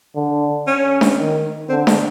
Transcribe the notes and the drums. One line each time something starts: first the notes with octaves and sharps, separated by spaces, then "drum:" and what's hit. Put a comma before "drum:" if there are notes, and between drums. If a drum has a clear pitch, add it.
D3
C#4
drum: snare D4
D#3
D3 C4
drum: snare D4